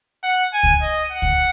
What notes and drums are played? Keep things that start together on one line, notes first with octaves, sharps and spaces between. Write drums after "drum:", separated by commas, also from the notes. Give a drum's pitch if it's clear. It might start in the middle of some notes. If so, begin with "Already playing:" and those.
F#5
G#5
drum: kick C#2
D#5
F#5
drum: kick C#2